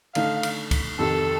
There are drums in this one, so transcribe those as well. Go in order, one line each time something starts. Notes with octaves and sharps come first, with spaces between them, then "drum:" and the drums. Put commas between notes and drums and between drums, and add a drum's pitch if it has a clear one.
D3 A3 D#4 F5, drum: cymbal
drum: cymbal
drum: kick, cymbal
F2 C3 D#3 A4